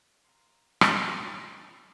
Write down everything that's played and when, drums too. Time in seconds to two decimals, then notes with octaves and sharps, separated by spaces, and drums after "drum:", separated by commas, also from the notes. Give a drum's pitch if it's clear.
0.24 F5 A#5 C6
0.81 drum: rim click